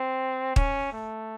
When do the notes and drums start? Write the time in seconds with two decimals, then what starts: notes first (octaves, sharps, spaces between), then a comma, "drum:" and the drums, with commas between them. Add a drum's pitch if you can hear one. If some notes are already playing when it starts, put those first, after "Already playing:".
Already playing: C4
0.56 C#4, drum: kick
0.92 A3